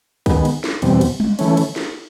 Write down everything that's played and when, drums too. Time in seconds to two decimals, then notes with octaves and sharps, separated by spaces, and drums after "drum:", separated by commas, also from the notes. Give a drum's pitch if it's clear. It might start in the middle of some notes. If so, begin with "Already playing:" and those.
0.26 D#3 G#3 B3, drum: kick, cymbal
0.45 drum: cymbal
0.64 drum: snare
0.82 E2 B2 G3 C4, drum: cymbal
1.01 drum: cymbal
1.20 drum: tom G3
1.39 E3 A3 C#4, drum: cymbal
1.57 drum: cymbal
1.76 drum: snare